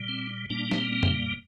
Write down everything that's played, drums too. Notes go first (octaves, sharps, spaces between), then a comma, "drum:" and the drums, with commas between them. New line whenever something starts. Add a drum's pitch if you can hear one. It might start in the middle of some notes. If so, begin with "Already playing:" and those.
Already playing: A#2 G3
C4
A#2 G3 A#3 D4
C4, drum: snare
C4
drum: tom F2